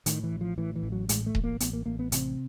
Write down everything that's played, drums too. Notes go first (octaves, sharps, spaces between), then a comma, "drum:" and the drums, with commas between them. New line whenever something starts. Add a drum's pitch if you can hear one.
A2 D#3, drum: hi-hat
E3
A1
F3
A2 E3
E3
A1
F#3
A2 G#3, drum: hi-hat
A3
A1, drum: kick D#1
A#3
A1 B3, drum: hi-hat
A#3
A1 A#3
B3
C3 C4, drum: hi-hat